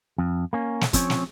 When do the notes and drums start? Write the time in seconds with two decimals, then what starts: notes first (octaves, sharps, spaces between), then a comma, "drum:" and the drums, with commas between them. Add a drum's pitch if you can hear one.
0.18 F2
0.53 A#3 C#4
0.81 drum: snare
0.93 F3 C4 C#4 C#5, drum: kick, hi-hat
1.10 drum: snare